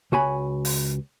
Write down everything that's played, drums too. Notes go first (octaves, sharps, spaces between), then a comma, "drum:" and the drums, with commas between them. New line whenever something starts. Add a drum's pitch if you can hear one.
C#2 F#4 G#5 B5
drum: open hi-hat